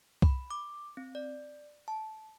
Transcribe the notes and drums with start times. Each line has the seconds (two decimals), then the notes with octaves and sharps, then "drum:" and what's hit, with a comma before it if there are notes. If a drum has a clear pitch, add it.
0.22 B5, drum: kick C2
0.51 D6
0.97 C4
1.15 D5
1.88 A5